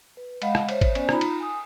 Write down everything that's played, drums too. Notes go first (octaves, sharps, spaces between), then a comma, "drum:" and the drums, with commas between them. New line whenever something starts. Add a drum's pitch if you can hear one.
B4
G#3 D#5 F5 F#5 B5, drum: cymbal
drum: rim click
C5 C#5 E5, drum: cymbal
drum: kick, cymbal
B3 C#4 C5 D5 G#5, drum: cymbal
D#4 F4 A#5 B5, drum: rim click
drum: cymbal
G#5 D#6